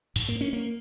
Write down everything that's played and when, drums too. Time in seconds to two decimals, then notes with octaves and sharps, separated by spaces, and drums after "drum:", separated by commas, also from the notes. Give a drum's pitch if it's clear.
0.16 G#2, drum: open hi-hat
0.29 A#3
0.41 C#4
0.53 A#3